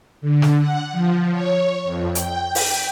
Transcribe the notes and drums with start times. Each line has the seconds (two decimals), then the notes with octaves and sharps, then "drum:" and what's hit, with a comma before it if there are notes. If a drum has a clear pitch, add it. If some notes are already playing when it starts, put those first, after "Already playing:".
0.21 D3
0.42 drum: snare
0.58 F#5
0.92 F3
1.31 C#5
1.85 F2
2.15 G5, drum: hi-hat
2.55 G5, drum: open hi-hat